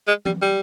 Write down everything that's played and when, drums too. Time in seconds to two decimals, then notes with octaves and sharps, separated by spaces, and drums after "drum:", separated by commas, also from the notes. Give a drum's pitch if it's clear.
0.08 G#3
0.26 G3, drum: tom E3
0.42 G3